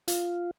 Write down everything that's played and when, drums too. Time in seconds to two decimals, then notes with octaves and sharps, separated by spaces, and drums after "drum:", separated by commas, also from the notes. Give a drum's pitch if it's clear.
0.08 F4, drum: hi-hat